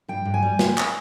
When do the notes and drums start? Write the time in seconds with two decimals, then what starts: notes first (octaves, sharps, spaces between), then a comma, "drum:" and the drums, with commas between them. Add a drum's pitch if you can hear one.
0.08 G2 G5
0.25 G2
0.34 G#5
0.42 G3
0.59 C4, drum: snare
0.78 drum: clap